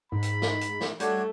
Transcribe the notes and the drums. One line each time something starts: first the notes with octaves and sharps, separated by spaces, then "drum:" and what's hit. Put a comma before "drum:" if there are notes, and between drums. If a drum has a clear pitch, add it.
G#2 B5
drum: hi-hat
drum: snare
drum: hi-hat
drum: snare
G3 A3 D4 F#4 C#5, drum: hi-hat